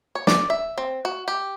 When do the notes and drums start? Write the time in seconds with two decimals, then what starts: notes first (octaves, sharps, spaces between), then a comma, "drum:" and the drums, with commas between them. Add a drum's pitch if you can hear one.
0.15 C#5
0.27 D5, drum: snare
0.50 E5
0.78 C4
1.05 F#4
1.28 G4